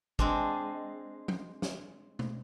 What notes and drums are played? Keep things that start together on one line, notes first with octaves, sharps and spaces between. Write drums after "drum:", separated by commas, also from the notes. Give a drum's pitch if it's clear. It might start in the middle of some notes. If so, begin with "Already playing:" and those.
G#3 C4 D4, drum: kick
drum: tom
drum: snare
drum: tom B2